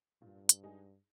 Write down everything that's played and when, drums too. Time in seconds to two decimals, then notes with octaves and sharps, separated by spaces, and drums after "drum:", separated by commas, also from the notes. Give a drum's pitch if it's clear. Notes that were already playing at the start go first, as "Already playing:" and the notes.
0.22 G2 A#2
0.49 drum: hi-hat
0.63 G#3 D#4 G#4